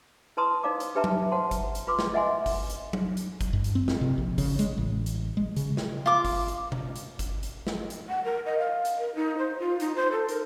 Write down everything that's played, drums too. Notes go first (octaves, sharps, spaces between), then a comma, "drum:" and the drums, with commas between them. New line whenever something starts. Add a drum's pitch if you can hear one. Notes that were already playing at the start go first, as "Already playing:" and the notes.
E4 B4 A5 A#5 C6 D#6
D#4 C5 D5 F5 A#5 D6
drum: hi-hat
D4 G4 B4 E5 A5 A#5
drum: tom F#3
C5 F#5 A5 C6
drum: kick G#1, hi-hat
drum: hi-hat
F4 B4 C6 D6
drum: snare
D#5 E5 F#5 G#5 C6
drum: kick G#1, open hi-hat
drum: hi-hat
drum: tom F#3
drum: hi-hat
drum: kick G#1, hi-hat
G2
drum: hi-hat
C4
drum: snare
C3
A#1
C#3, drum: kick G#1, open hi-hat
G#3, drum: hi-hat
A1
drum: hi-hat
G#3
C#3, drum: hi-hat
drum: snare
F4 D6
drum: kick G#1, open hi-hat
drum: hi-hat
drum: tom B2
drum: hi-hat
drum: kick G#1, hi-hat
drum: hi-hat
drum: snare
drum: hi-hat
F#5
A#4
D#5
F5
drum: hi-hat
A#4
D#4
C5
F4
D#4, drum: hi-hat
C5
A4
A#4, drum: hi-hat